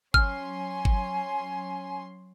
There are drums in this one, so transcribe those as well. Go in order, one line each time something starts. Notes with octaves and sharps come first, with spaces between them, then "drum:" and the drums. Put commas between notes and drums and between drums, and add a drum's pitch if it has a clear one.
F#3 C#4 G#5 C6 F6, drum: kick G1
drum: kick G1